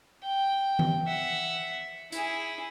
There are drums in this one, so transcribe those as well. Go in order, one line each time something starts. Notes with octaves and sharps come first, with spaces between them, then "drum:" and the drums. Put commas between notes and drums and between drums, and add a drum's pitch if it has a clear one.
G5
drum: tom E3
E5 F#5
E4 G#4, drum: hi-hat